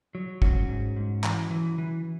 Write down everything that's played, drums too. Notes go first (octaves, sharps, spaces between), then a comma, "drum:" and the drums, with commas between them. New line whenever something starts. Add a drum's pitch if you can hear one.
F#3
G#2 C#4 F#4, drum: kick
G#2
G#2
E3, drum: clap
E3
E3